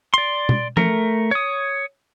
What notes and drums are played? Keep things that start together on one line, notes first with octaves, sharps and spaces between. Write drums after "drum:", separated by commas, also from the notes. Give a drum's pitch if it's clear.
D5 C6
drum: tom B2
A3 A#4, drum: tom F3
C#5 D#6